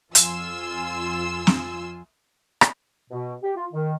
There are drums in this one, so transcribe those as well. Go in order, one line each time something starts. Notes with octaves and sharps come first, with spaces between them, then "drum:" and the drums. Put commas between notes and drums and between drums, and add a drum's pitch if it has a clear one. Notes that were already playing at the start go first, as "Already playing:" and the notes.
F2 F4 G#5 C6 E6, drum: hi-hat
drum: snare
drum: rim click
B2
G4
F4
D#3